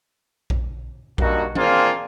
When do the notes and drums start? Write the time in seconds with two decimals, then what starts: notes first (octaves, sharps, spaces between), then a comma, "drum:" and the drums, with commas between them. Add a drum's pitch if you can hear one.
0.50 drum: kick A#1
1.18 G2 A#3 D#4 F#4, drum: kick A#1
1.55 A#3 C4 D4 F4 G#4, drum: tom E3